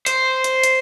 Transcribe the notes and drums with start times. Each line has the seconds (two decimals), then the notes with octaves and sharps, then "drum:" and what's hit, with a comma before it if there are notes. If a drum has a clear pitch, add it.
0.06 C5, drum: hi-hat
0.44 drum: hi-hat
0.64 drum: hi-hat